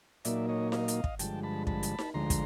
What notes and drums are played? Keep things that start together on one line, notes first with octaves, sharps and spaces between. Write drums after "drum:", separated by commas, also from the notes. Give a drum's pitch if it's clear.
A#2 F#3 A#3 D#4 D5 E5, drum: hi-hat
C#5 D#5
D#5 F5, drum: snare D#4
drum: hi-hat
drum: kick
G2 D3 F3 G#3 G5 A5, drum: hi-hat
A5 B5
A5 B5, drum: kick
drum: hi-hat
drum: snare D#4
D2 D3 F3 G#3 A#5 C6
drum: kick, hi-hat